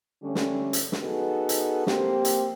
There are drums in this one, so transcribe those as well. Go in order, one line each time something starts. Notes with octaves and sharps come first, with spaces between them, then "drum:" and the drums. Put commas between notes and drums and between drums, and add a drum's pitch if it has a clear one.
D3 G3 A3 C#4
drum: snare
drum: hi-hat
drum: snare
B3 D#4 F#4 G#4 A4
drum: hi-hat
A#3 C4 G4, drum: snare
drum: hi-hat